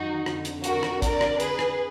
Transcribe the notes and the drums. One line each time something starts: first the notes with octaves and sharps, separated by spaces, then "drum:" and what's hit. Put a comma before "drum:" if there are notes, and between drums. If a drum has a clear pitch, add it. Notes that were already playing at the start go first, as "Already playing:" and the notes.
Already playing: F#2 D#3 D#4 F#4
F2 D3, drum: rim click
drum: hi-hat
F#4 A#4, drum: hi-hat
drum: rim click
A#4 D5, drum: kick, hi-hat
drum: rim click
G#4 B4, drum: hi-hat
drum: rim click